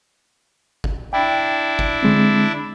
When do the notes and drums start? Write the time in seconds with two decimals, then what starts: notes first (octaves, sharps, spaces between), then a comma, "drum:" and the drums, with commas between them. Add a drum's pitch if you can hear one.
0.84 drum: kick G1
1.13 D4 E4 G5
1.79 drum: kick G1
2.03 D3 G#3 C4